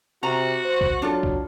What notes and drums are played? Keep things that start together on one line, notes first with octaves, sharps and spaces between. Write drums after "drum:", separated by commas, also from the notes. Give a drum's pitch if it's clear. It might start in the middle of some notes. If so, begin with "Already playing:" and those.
C3 F#4 A#5
C5
drum: kick
F#3 D4 F4 A4
drum: kick